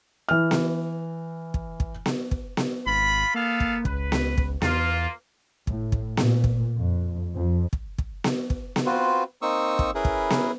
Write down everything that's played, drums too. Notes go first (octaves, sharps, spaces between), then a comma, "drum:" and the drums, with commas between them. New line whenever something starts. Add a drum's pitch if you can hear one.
E3 F6
drum: snare B3
drum: kick
drum: kick
drum: snare B3
drum: kick
drum: snare B3
G#1 F4 B5
A#3 B3 A4 F5
drum: kick
C#2 B4, drum: kick
drum: snare B3
drum: kick
E2 A#3 F4, drum: snare B3
A2, drum: kick
drum: kick
A#2, drum: snare B3
drum: kick
F2
F2
drum: kick
drum: kick
drum: snare B3
drum: kick
drum: snare B3
C4 F4 F#4 B4
A#3 C4 D#4 C#6 D#6 E6
drum: kick
C#4 E4 G#4 A#4 B4
drum: kick
drum: snare B3